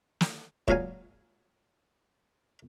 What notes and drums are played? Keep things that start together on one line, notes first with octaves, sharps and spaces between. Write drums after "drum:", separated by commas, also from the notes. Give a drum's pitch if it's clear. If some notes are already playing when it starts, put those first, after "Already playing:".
drum: snare
C#2 A#2 F#3 F5 G#5, drum: kick